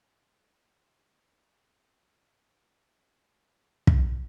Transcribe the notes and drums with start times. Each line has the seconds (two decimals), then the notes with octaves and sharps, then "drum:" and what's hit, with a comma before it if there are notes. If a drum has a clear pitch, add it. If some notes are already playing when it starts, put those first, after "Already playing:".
0.67 G#3 A3 G#5
1.23 B3
1.53 F3
1.85 G4 A#5
3.32 G5 A#5
3.87 drum: kick